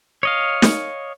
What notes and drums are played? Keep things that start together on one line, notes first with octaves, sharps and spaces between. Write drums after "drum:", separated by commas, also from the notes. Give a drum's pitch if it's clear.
C#5 D#5 F5
drum: snare